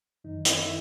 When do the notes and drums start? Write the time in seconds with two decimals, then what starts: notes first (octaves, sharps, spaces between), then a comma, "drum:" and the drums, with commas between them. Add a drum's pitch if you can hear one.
0.24 F#2 D#3 D#4
0.45 E4, drum: hi-hat
0.58 E4